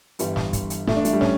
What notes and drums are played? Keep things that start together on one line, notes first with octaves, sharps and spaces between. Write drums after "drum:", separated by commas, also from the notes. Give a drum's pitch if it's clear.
G1 G2 E3 G3, drum: hi-hat
drum: snare
drum: kick, hi-hat
drum: hi-hat
A3, drum: snare
D4
A3, drum: hi-hat
G3
C#4, drum: snare